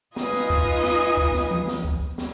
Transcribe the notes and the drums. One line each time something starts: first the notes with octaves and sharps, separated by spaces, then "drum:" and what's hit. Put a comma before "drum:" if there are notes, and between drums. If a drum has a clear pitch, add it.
D#4 F4 B4 D#5 G#5 D#6, drum: snare
drum: snare
drum: kick C#2
drum: snare
drum: kick C#2
drum: snare
drum: tom E3
drum: snare
drum: kick C#2
drum: snare